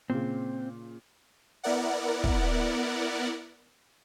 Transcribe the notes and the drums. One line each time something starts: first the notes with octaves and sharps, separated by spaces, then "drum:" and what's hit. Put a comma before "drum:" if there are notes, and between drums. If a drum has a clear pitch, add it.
A#2 C#3 C4
B3 E4 A#4 D5 F#5
drum: kick